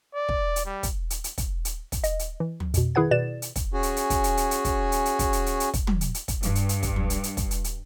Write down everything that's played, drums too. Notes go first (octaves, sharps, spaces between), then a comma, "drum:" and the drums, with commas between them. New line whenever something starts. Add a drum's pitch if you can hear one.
D5
drum: kick
drum: hi-hat
G3
drum: kick, hi-hat
drum: hi-hat
drum: hi-hat
drum: kick, hi-hat
drum: hi-hat
drum: kick, hi-hat
D#5, drum: hi-hat
drum: hi-hat
E3
drum: tom
F2 B2, drum: hi-hat
D#3 E4 G#4 B4 F#5 G#6
B2 B4 D5 A6 E7
drum: hi-hat
drum: kick, hi-hat
C#4 F#4 G#4
drum: hi-hat
drum: hi-hat
drum: kick, hi-hat
drum: hi-hat
drum: hi-hat
drum: hi-hat
drum: kick, hi-hat
drum: hi-hat
drum: hi-hat
drum: kick, hi-hat
drum: hi-hat
drum: hi-hat
drum: hi-hat
drum: kick, hi-hat
drum: tom
drum: hi-hat
drum: hi-hat
drum: kick, hi-hat
G2, drum: hi-hat
drum: hi-hat
drum: hi-hat
drum: kick, hi-hat
drum: tom
drum: hi-hat
drum: hi-hat
drum: kick, hi-hat
drum: hi-hat
drum: hi-hat